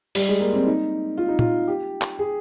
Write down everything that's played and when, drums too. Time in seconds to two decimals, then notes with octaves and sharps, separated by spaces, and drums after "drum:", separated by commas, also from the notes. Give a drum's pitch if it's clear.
0.15 G3, drum: open hi-hat
0.29 G#3
0.40 A#3
0.53 C4
0.66 D#4
1.17 F4
1.28 D#4
1.39 F4, drum: tom
1.67 G4
2.01 drum: clap
2.19 G#4